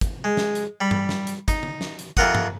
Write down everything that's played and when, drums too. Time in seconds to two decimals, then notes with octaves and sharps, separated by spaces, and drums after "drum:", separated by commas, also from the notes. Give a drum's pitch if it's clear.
0.01 drum: kick, hi-hat
0.24 G#3
0.37 drum: snare
0.55 drum: hi-hat
0.81 G3 B5
0.91 drum: tom G2
1.09 drum: snare
1.27 drum: hi-hat
1.48 D#4, drum: kick, hi-hat
1.63 drum: tom
1.81 drum: snare
1.99 drum: hi-hat
2.17 F2 C3 F4 A#4 F#5 D#6, drum: kick, hi-hat
2.35 drum: tom G2